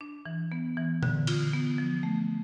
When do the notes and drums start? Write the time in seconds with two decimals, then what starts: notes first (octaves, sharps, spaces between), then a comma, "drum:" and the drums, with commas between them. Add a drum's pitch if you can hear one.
0.01 D4
0.26 E3
0.52 B3
0.77 E3
1.03 D3, drum: tom A#2
1.27 F4, drum: cymbal
1.53 B3
1.78 F3
2.03 A3